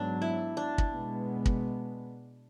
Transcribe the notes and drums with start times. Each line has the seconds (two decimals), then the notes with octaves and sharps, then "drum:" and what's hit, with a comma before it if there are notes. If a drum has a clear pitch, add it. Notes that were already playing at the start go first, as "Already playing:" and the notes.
Already playing: G#2 F#3 B3 D4
0.22 E4
0.57 D4
0.78 drum: kick
0.92 B2 G#3 B3
1.46 drum: kick